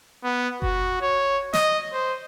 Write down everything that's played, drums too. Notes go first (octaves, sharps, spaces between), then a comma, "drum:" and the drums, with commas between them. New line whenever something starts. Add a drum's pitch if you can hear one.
B3
F#4, drum: kick F#1
C#5
D#5, drum: snare
C5